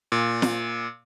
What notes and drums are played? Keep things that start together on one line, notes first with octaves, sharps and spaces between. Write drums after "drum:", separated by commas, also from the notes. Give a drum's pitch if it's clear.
A#2
drum: snare